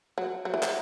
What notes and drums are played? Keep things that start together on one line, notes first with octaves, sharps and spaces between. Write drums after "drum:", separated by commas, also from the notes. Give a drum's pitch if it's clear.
F#3
F#3
E3
F#3, drum: clap